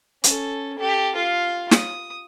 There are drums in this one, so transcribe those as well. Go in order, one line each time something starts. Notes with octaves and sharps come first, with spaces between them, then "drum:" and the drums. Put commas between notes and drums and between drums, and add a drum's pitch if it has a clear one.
C#4 A4, drum: hi-hat
G4 A4
F4 F5
D#6, drum: snare